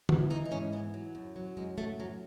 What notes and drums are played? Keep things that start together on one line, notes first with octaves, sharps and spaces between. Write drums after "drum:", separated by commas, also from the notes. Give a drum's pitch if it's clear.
E3, drum: tom
E3 D#4
D#4
G#2 C#4
E3 B3
F#3
F#2
F#3
F#2 G#3
F#3 A3
F#2 F#3